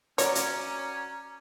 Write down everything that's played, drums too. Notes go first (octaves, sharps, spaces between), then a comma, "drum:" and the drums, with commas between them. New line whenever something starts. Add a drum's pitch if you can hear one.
C#4 F#4 C#5 D5 A#5 D6, drum: hi-hat
drum: hi-hat